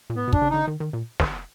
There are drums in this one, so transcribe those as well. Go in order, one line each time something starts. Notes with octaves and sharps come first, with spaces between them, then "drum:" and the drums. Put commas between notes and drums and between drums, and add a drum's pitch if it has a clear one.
A#2
A2 B3
B2
D4, drum: kick
C#3
D3 D#4
D#3
D#3
A#2
drum: snare